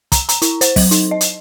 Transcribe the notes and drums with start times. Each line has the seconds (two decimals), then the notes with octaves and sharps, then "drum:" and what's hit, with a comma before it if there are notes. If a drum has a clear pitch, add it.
0.12 A#5, drum: kick, hi-hat
0.29 A#5, drum: hi-hat
0.42 E4, drum: hi-hat
0.61 C5, drum: hi-hat
0.76 F#3, drum: kick, open hi-hat
0.91 D#4, drum: hi-hat
1.11 D#5
1.21 drum: hi-hat